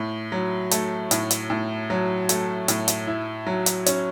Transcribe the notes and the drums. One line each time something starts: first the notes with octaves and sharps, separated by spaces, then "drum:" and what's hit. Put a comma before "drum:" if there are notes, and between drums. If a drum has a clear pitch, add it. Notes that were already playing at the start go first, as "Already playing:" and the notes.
Already playing: A2
F#3
A3, drum: hi-hat
A2, drum: hi-hat
drum: hi-hat
A2
F#3
A3, drum: hi-hat
A2, drum: hi-hat
drum: hi-hat
E4
F#3
drum: hi-hat
C#4, drum: hi-hat